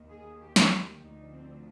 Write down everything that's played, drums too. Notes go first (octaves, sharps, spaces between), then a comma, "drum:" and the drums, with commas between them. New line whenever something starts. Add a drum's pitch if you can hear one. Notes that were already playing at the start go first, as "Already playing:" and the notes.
Already playing: D#2 D#3
G#4
G4
drum: snare
G4
D2 D3 F3 D#4
C4